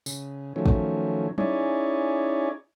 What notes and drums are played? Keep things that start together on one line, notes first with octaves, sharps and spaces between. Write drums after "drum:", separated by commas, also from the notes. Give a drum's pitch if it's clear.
C#3, drum: tambourine
D#3 F3 F#3 A3 C#4
drum: kick
C#4 D#4 E4 G#4 C#5 D5, drum: tom F#3